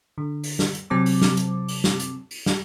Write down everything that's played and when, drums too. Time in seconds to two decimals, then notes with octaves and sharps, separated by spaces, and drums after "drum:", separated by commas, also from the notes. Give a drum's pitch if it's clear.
0.18 D3
0.43 drum: open hi-hat
0.59 drum: snare
0.75 drum: hi-hat
0.90 C3 F#3 C4 A5 D6
1.06 drum: open hi-hat
1.22 drum: snare
1.37 drum: hi-hat
1.68 drum: open hi-hat
1.84 drum: snare
2.00 drum: hi-hat
2.31 drum: open hi-hat
2.46 drum: snare